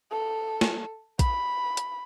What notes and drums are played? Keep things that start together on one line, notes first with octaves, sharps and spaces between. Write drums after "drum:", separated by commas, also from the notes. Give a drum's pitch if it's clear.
A4
drum: snare
B5, drum: kick A#1, hi-hat
drum: hi-hat